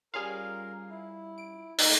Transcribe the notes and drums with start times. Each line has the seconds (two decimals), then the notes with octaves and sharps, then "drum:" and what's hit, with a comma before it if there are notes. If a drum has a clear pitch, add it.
0.14 G3 C#4 F4 G#4 A#4 F5
0.90 E4
1.38 D7
1.78 A3 A#3 D#4, drum: open hi-hat